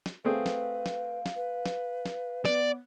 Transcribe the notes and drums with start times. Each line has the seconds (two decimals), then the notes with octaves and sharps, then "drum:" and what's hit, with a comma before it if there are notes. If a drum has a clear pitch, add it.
0.06 drum: snare
0.25 A3 C4 G#4 B4 F5
0.46 drum: snare
0.86 drum: snare
1.26 drum: snare
1.36 B4
1.66 drum: snare
2.05 drum: snare
2.45 B3 D5, drum: snare